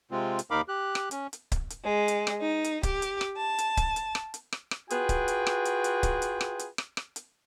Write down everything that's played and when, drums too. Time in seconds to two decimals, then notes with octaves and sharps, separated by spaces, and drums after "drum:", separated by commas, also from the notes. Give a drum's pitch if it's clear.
0.11 C3 G#3 C4 F4
0.39 drum: hi-hat
0.51 D#2 D#4 A#4 F5 B5 D6
0.68 G4 F#6
0.95 drum: rim click
1.11 C#4, drum: hi-hat
1.33 drum: hi-hat
1.52 drum: kick C#1, hi-hat
1.70 drum: hi-hat
1.83 G#3
2.08 drum: hi-hat
2.27 drum: rim click
2.40 D#4
2.64 drum: hi-hat
2.83 G4, drum: kick C#1, hi-hat
3.02 drum: hi-hat
3.21 drum: rim click
3.36 A5
3.58 drum: hi-hat
3.77 drum: kick C#1, hi-hat
3.96 drum: hi-hat
4.15 drum: rim click
4.34 drum: hi-hat
4.53 drum: rim click
4.71 drum: rim click
4.90 F4 F#4 G#4 B4 G5, drum: hi-hat
5.09 drum: kick C#1, hi-hat
5.28 drum: hi-hat
5.47 drum: rim click
5.65 drum: hi-hat
5.84 drum: hi-hat
6.03 drum: kick C#1, hi-hat
6.22 drum: hi-hat
6.41 drum: rim click
6.59 drum: hi-hat
6.78 drum: rim click
6.97 drum: rim click
7.16 drum: hi-hat